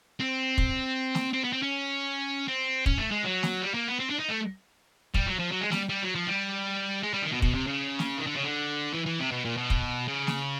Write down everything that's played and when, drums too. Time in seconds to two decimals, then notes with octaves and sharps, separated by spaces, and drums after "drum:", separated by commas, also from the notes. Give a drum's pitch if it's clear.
0.20 C4
0.58 drum: kick
1.15 drum: snare
1.33 C4
1.44 B3
1.52 C4
1.62 C#4
2.48 C4
2.86 C#4, drum: kick
2.98 A3
3.11 G#3
3.24 F#3
3.43 drum: snare
3.62 G3
3.74 A#3
3.88 B3
3.99 C4
4.10 D4
4.19 D#4
4.29 A3
5.14 G3, drum: kick
5.27 F#3
5.39 F3
5.52 F#3
5.61 G#3
5.71 G3, drum: snare
5.89 G3
6.03 F#3
6.15 F3
6.27 G3
7.03 G#3
7.14 G3
7.22 D#3
7.32 B2
7.42 B2, drum: kick
7.54 C3
7.67 C#3
7.99 drum: snare
8.18 D#3
8.27 D3
8.35 C#3
8.43 D3
8.94 E3
9.06 E3
9.20 C3
9.31 B2
9.45 A#2
9.57 B2
9.70 drum: kick
10.07 C#3
10.27 drum: snare